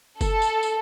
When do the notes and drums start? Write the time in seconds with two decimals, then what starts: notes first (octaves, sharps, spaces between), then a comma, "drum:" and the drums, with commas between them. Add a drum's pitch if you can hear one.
0.21 A4, drum: kick F#1, tambourine
0.42 drum: tambourine
0.63 drum: tambourine